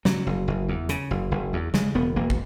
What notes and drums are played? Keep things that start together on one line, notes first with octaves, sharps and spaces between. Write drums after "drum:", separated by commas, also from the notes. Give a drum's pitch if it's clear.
C#3 F#3, drum: snare
F#1
F#1
E2
C#3, drum: hi-hat
F#1
F#1
E2
C#3 G#3, drum: snare
E1 B3
E1 A#3
drum: kick